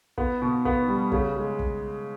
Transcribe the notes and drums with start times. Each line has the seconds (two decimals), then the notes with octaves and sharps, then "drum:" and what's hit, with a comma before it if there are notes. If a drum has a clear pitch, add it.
0.18 B3, drum: kick
0.42 B2
0.65 B3, drum: kick
0.88 G3
1.12 C#3, drum: kick
1.36 G#3
1.59 drum: kick